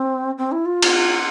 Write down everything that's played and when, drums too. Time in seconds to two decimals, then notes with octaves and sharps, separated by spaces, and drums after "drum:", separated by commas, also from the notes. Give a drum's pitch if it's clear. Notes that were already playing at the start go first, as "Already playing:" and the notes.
Already playing: C4
0.38 C4
0.52 E4
0.65 F4
0.82 drum: cymbal